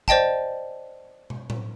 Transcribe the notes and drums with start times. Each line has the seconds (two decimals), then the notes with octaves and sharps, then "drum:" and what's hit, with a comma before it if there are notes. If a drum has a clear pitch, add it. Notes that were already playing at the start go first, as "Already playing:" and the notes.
0.08 C5 D5 D#5 G5 A5, drum: kick
1.30 drum: tom
1.50 drum: tom A2